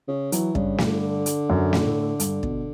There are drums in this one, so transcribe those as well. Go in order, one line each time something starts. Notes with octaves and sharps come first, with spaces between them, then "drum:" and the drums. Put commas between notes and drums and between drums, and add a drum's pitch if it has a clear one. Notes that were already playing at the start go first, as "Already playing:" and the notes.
C#3
E3 F#3, drum: hi-hat
G2 C#3, drum: kick
D3, drum: snare
drum: hi-hat
F#2
drum: snare
A2
G2, drum: hi-hat
B2, drum: kick